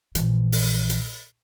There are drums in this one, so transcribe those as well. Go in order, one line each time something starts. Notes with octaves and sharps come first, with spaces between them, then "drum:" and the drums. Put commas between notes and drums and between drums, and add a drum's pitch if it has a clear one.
A#1 E3, drum: hi-hat
drum: open hi-hat
drum: hi-hat